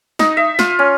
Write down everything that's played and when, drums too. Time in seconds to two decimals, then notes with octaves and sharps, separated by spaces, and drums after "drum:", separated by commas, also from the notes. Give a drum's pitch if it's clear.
0.19 D#4, drum: snare
0.37 E5
0.59 F4, drum: snare
0.79 C#4